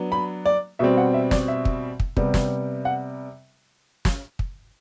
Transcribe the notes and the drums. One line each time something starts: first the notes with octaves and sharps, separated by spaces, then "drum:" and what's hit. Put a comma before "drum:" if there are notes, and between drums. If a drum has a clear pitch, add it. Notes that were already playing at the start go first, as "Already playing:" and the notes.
Already playing: F#3 B3 D4
B5
D5
B2 G3 C4 E5
F#5
E5
D5, drum: snare
E5
drum: kick
drum: kick
C3 G3 B3, drum: kick
drum: snare
F#5
drum: snare
drum: kick